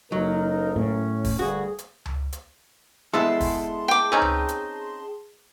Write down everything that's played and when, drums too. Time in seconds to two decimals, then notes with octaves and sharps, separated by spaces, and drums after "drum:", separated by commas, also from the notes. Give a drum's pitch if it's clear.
0.12 F#1 F#3 D#4 A4 A#4
0.76 A2 C#4
1.24 drum: kick, open hi-hat
1.39 D2 G2 F#4 G#4
1.78 drum: hi-hat
2.05 drum: tom C#2
2.32 drum: hi-hat
3.14 G#3 B3 E4 G#4 A4 A5 C6
3.41 drum: kick, open hi-hat
3.88 G5 D6
4.12 C4 C#4 D#4 B4
4.22 drum: tom C#2
4.49 drum: hi-hat